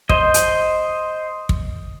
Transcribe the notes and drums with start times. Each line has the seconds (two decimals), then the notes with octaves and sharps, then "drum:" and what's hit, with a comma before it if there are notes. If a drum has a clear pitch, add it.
0.09 C5 D#5, drum: kick
0.34 drum: hi-hat
1.49 drum: kick